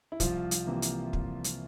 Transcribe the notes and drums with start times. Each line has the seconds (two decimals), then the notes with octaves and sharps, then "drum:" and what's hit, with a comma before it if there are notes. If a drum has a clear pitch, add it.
0.12 E4
0.20 C2 F3 F4, drum: kick, hi-hat
0.51 drum: hi-hat
0.67 C3 E3 A#3
0.82 drum: hi-hat
1.13 drum: kick
1.44 drum: hi-hat